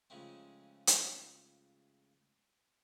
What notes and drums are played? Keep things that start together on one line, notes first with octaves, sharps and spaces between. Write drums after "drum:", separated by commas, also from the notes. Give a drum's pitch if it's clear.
C#3 F3 G#3 A3 C4
drum: hi-hat